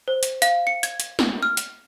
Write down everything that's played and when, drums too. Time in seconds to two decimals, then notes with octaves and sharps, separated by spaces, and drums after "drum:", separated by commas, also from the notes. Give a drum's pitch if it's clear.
0.08 C5
0.23 drum: hi-hat
0.42 F5, drum: hi-hat
0.67 C#7
0.83 G#6, drum: hi-hat
1.00 drum: hi-hat
1.19 drum: snare
1.43 F6
1.57 drum: hi-hat